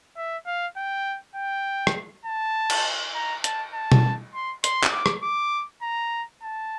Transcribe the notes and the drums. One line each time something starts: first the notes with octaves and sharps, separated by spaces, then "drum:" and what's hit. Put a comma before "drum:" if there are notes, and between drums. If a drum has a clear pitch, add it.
E5
F5
G5
G5
drum: rim click
A5
drum: cymbal
A#5
A5, drum: hi-hat
A5
drum: tom
C6
C6, drum: hi-hat
drum: clap
D6
drum: rim click
D6
A#5
A5